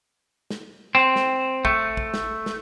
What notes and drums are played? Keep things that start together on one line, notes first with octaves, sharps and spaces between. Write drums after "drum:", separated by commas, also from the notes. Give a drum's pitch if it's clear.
drum: snare
C4
drum: snare
A3, drum: kick
drum: kick
drum: snare
drum: snare